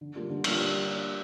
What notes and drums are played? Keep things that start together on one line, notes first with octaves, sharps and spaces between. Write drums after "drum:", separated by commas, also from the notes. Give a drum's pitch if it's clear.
D3
G3 A#3 D4 F4
D3
G3 A#3 D4 F4, drum: cymbal